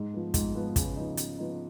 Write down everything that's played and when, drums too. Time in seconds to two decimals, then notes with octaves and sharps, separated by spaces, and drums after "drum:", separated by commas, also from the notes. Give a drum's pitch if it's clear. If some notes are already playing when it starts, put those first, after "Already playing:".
Already playing: G#2
0.14 F3 B3
0.34 G#2, drum: kick, hi-hat
0.55 F3 B3
0.76 C#3, drum: kick, hi-hat
0.97 F3 B3 D#4
1.17 C#3, drum: hi-hat
1.38 F3 B3 D#4